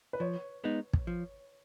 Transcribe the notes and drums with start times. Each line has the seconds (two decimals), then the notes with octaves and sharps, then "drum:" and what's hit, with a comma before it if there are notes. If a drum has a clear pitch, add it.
0.13 B4
0.20 F3 C#5
0.64 G#3 B3 D#4
0.93 drum: kick
1.07 F3